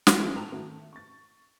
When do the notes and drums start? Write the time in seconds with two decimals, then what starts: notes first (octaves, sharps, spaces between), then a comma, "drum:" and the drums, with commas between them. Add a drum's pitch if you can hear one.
0.07 drum: snare
0.17 C#3 E3 F3 A3 E4 G#4
0.35 A2 A4 G5 A#5 F7
0.52 D#3 A3 F#4
0.93 C#6 A6